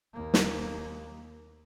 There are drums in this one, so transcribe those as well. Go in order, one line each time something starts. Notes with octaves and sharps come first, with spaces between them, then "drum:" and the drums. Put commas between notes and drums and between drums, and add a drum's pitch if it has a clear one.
D#2 A#3
drum: snare